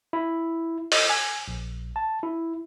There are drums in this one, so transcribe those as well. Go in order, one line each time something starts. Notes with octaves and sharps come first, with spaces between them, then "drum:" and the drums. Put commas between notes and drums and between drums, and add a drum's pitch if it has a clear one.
E4
D#5, drum: open hi-hat
G#5
A#1
A5
E4